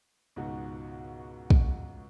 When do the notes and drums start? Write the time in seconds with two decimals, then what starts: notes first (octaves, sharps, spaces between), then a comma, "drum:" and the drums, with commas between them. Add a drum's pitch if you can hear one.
0.36 C#2 G#2 B2 F#4
1.50 drum: kick